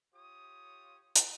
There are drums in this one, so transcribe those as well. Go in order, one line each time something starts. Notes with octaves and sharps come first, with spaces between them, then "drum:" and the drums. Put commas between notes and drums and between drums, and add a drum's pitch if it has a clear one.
F4 G4 C#5 D#6
drum: hi-hat